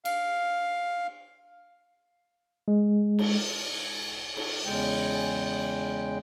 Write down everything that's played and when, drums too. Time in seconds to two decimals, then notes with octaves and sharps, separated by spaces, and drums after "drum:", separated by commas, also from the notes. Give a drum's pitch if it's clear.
0.05 F5, drum: cymbal
2.68 G#3
3.19 drum: cymbal
4.37 drum: cymbal
4.65 E2 C#3 G#3 G5